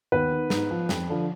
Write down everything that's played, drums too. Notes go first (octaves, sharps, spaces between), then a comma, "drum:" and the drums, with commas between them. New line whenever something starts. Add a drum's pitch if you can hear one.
D#2 B3 B4
D#3
G#2, drum: snare
F3
F2, drum: snare
D3 F3